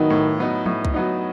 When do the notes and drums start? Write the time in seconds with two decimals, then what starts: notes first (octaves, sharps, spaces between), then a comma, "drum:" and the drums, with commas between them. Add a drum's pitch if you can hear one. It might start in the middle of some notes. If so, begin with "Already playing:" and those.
Already playing: A2 D#3 F#3 B3 D#4
0.10 A2
0.38 F#3 B3 D#4
0.66 A2, drum: tom
0.85 drum: kick C2
0.94 F#3 B3 D#4